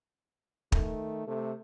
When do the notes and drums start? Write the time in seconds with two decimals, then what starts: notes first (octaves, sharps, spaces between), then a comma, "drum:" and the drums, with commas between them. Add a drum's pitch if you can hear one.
0.72 D#3 A3, drum: kick
1.27 C3 A3